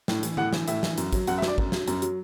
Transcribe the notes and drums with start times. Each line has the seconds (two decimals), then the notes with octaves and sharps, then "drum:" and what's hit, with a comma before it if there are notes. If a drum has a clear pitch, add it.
0.08 A2, drum: snare
0.23 E3, drum: hi-hat
0.37 A2 F#5, drum: tom D3
0.53 E3, drum: snare
0.68 A2 E5, drum: hi-hat
0.83 E3, drum: snare
0.98 F#2, drum: hi-hat
1.13 F#3, drum: kick, hi-hat
1.27 F#2 F#5, drum: hi-hat
1.38 E5
1.42 F#3, drum: snare
1.48 D5
1.58 F#2, drum: kick
1.72 F#3, drum: snare
1.88 F#2, drum: hi-hat
2.02 F#3, drum: hi-hat